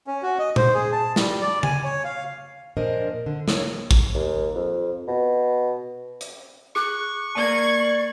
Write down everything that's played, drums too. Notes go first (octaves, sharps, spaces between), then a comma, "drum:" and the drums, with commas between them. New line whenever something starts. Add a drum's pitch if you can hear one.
C#4
F#4
D#5
C5, drum: tom A#2
G#4
A5
G3, drum: snare
D5
G#5, drum: tom C#3
C#5
F5
A#2 F3 D4 A#4 C5 D#5
D3
A#3 C#5, drum: snare
drum: kick
D#2
F2
B2
drum: hi-hat
G#4 C#6 F#6
A#3 D5 A5 G#6